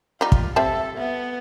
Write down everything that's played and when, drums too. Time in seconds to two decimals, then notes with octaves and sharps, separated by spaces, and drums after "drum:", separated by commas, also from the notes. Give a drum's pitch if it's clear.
0.21 G3 D#4 F4
0.32 drum: kick
0.56 G3 C4 A4 E5 A5
0.97 B3